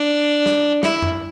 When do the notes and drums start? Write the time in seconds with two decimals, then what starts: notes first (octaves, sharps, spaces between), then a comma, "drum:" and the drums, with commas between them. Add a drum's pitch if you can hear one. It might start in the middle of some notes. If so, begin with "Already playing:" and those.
Already playing: D4
0.46 drum: snare
0.83 E4, drum: snare
1.02 drum: tom F2